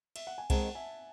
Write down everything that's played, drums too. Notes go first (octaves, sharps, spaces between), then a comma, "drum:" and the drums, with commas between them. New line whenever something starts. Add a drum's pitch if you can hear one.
E5, drum: cymbal
F#5
G#5
D#3 G#3 C4 F#5 A5, drum: kick C2, cymbal
E5 G#5